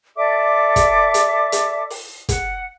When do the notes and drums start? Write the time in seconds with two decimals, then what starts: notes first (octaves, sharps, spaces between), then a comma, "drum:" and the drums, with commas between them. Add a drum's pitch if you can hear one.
0.17 A4 D5 E5 D6
0.76 drum: kick, hi-hat
1.14 drum: hi-hat
1.52 drum: hi-hat
1.90 drum: open hi-hat
2.29 F#5, drum: kick, hi-hat